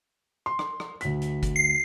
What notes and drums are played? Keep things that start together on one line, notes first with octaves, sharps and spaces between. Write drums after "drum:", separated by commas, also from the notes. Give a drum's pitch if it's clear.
C6
drum: rim click
drum: rim click
D2 B6, drum: hi-hat
drum: hi-hat
drum: kick G1, hi-hat
C7